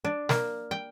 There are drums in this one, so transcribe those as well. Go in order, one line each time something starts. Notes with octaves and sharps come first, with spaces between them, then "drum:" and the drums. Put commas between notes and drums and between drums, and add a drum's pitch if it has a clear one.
D4
A#3, drum: snare
G5